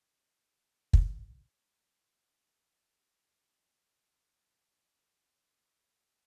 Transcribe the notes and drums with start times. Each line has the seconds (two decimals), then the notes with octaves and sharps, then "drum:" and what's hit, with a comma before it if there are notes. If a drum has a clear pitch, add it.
0.25 D3 D4
0.93 drum: kick
1.68 D4
2.05 F3
2.31 F4
2.65 G#4
2.93 E3
3.10 D4
3.22 D#3
3.38 F#5
3.76 B3 B4 A5 D#6